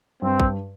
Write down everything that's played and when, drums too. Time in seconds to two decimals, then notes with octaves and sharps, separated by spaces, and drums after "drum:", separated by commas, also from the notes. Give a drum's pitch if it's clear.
0.22 G2 C4
0.40 drum: kick